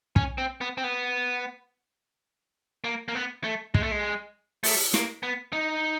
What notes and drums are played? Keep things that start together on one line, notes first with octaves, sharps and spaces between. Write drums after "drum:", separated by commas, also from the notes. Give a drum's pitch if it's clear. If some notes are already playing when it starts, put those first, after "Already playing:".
C#4, drum: kick
C4
B3
C4
B3
A#3
A#3
B3
A3
G#3, drum: kick
A3
G#3
A3, drum: open hi-hat
A#3, drum: snare
B3
D#4